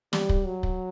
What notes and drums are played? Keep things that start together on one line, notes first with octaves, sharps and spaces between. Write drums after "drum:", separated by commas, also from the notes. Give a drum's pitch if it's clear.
G3, drum: snare
drum: kick
F#3
drum: kick